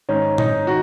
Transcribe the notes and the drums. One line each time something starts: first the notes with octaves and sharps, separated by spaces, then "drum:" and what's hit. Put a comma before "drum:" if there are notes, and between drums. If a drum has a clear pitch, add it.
G#2 D#3 C#4
D#4, drum: tom A#2
D#3 F#4